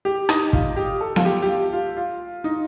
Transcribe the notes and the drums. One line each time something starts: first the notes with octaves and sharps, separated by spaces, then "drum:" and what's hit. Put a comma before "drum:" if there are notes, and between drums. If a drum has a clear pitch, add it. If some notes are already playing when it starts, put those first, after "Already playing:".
G4
D#4, drum: rim click
F4, drum: kick
G4
A4
F4, drum: snare B3
G4
G4
F4
F4
F4
D#4